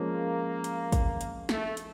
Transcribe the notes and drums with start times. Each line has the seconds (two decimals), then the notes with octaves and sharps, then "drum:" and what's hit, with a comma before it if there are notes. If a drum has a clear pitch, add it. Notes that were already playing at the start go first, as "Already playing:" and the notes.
Already playing: F3 G#3 A#3 C#4
0.64 drum: hi-hat
0.92 drum: kick, hi-hat
1.21 drum: hi-hat
1.49 A3, drum: snare
1.77 drum: hi-hat